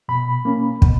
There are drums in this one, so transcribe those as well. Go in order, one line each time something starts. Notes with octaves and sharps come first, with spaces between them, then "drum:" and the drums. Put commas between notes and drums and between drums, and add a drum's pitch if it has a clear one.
B2 B5
A#3 C#4
B2, drum: kick